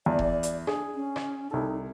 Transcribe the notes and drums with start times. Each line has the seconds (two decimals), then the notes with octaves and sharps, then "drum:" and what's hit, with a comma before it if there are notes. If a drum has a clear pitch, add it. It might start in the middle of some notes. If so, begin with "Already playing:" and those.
0.06 E2 D5
0.19 drum: kick F1
0.43 drum: hi-hat
0.67 D4 G#4, drum: rim click
0.95 C#4
1.16 drum: rim click
1.51 C2 D#4 A4